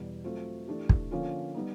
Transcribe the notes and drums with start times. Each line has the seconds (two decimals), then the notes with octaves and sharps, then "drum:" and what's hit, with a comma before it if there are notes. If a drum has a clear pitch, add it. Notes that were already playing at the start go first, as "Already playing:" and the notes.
Already playing: E2 B2 G3
0.24 F#3 A3 C4 F4
0.68 E3 A3 D4 G4
0.89 drum: kick
1.11 D3 F3 A#3 C#4 F4
1.54 G3 B3 D#4